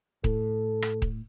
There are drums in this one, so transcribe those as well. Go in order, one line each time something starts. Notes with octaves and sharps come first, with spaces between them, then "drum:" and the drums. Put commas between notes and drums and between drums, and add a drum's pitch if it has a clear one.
A2 A4, drum: kick D#1
drum: rim click
drum: kick D#1